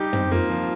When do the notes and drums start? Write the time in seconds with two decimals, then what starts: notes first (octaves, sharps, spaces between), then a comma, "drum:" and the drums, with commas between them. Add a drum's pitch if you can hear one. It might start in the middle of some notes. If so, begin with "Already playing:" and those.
Already playing: G3 D#4 G4
0.13 C4, drum: tom
0.31 A#3 F4
0.50 F3